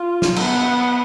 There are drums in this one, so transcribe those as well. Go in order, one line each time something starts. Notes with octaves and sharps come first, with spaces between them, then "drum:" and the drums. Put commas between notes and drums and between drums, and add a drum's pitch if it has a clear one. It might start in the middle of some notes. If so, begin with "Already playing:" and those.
Already playing: F4
drum: snare
B3, drum: cymbal